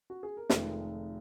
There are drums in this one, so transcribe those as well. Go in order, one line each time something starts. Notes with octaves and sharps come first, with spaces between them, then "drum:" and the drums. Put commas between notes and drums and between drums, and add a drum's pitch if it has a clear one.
F#4
G#4
A#4
F1 F2 D#3 G#3 B4, drum: snare